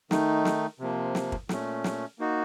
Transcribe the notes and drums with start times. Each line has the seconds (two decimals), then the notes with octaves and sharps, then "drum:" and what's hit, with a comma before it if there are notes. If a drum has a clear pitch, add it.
0.11 D#3 A3 D#4, drum: snare
0.45 drum: snare
0.80 C3 F3 A#3
1.15 drum: snare
1.32 drum: kick
1.49 A#2 A3 C#4, drum: snare
1.84 drum: snare
2.19 A#3 D#4 F#4